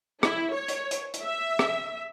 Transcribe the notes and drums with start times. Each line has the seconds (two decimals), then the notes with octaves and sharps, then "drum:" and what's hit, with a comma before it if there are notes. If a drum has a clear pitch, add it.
0.23 E4, drum: rim click
0.54 C#5
0.68 drum: hi-hat
0.91 drum: hi-hat
1.14 drum: hi-hat
1.23 E5
1.59 drum: rim click